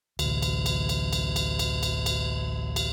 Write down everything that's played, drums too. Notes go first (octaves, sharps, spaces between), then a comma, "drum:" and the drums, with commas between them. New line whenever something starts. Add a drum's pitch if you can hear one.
A1 D2, drum: cymbal
drum: cymbal
drum: cymbal
drum: cymbal
drum: cymbal
drum: cymbal
drum: cymbal
drum: cymbal
drum: cymbal
drum: cymbal